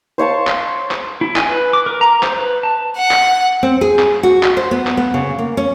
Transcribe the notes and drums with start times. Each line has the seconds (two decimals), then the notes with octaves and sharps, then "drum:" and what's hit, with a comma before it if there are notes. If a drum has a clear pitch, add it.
0.18 C5 C#5 F5 A5
0.47 drum: clap
0.91 drum: clap
1.21 E4
1.36 G#5, drum: clap
1.49 B4
1.73 D6
1.86 A#4
2.01 A#5
2.23 C5, drum: clap
2.37 B4
2.63 A5
2.97 F#5
3.11 drum: clap
3.63 C4
3.81 G#4
3.99 drum: clap
4.23 F#4
4.43 drum: clap
4.57 C5
4.71 B3
4.87 drum: clap
4.97 B3
5.14 C#3
5.39 A#3
5.57 C#4